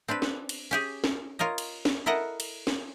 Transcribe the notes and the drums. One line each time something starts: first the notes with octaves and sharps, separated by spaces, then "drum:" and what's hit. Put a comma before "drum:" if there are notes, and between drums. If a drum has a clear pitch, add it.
C4 D4 G4 B4
drum: snare
drum: cymbal
C#4 G4 G#4
drum: snare
F4 A#4 C#5 D#5
drum: cymbal
drum: snare
E4 A4 A#4 D#5 F#5
drum: cymbal
drum: snare